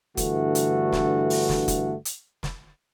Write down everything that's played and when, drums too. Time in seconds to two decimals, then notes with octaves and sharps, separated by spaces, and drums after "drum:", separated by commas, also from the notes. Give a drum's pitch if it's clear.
0.17 G2 D3 E3 A3 F#4, drum: kick, hi-hat
0.55 drum: hi-hat
0.92 drum: snare
1.30 drum: open hi-hat
1.49 drum: snare
1.68 drum: kick, hi-hat
2.05 drum: hi-hat
2.43 drum: snare